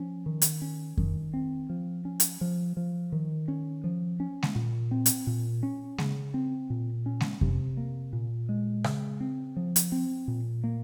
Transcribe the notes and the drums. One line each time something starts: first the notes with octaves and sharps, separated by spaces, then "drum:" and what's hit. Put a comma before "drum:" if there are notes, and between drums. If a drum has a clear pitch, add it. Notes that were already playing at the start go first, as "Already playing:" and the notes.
Already playing: F3 C#4
D#3
drum: hi-hat
C#4
D#3, drum: kick F2
C4
F3
C#4
drum: hi-hat
F3
F3
D#3
C#4
F3
C#4
drum: snare G#3
A#2
C4
drum: hi-hat
A#2
C#4
C#3, drum: snare G#3
C4
A#2
C#4
drum: snare G#3
C3, drum: kick F2
A#3
A#2
G#3
C#3, drum: rim click
C4
F3
drum: hi-hat
C4
A#2
A#3